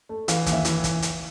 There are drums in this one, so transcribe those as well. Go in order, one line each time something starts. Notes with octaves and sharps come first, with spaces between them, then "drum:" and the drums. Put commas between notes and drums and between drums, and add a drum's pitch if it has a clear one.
A3
E3 F5, drum: hi-hat
D#2, drum: kick, hi-hat
E5
E3, drum: hi-hat
drum: kick, hi-hat
drum: hi-hat